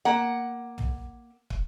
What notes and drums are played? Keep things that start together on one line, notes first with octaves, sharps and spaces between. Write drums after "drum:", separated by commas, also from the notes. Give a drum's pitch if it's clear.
A#3 F#5
drum: tom
drum: kick